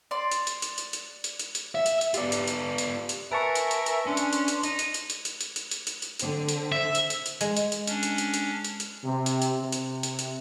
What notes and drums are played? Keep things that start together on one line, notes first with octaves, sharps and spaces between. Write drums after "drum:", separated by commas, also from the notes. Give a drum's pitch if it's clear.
D5 C6
drum: hi-hat
drum: hi-hat
drum: hi-hat
drum: hi-hat
drum: hi-hat
drum: hi-hat
drum: hi-hat
drum: hi-hat
E5
drum: hi-hat
drum: hi-hat
B3 F4 G4 D5, drum: hi-hat
drum: hi-hat
drum: hi-hat
drum: hi-hat
drum: hi-hat
A#4 B4 E5 G#5 A5 C#6
drum: hi-hat
drum: hi-hat
drum: hi-hat
C#4 D4 C6
drum: hi-hat
drum: hi-hat
drum: hi-hat
D#4 D#7, drum: hi-hat
drum: hi-hat
drum: hi-hat
drum: hi-hat
drum: hi-hat
drum: hi-hat
drum: hi-hat
drum: hi-hat
drum: hi-hat
drum: hi-hat
D3 C4, drum: hi-hat
drum: hi-hat
E5
drum: hi-hat
drum: hi-hat
drum: hi-hat
G#3, drum: hi-hat
drum: hi-hat
drum: hi-hat
C#4 D4, drum: hi-hat
drum: hi-hat
drum: hi-hat
drum: hi-hat
drum: hi-hat
drum: hi-hat
C3
drum: hi-hat
drum: hi-hat
C3
drum: hi-hat
drum: hi-hat
drum: hi-hat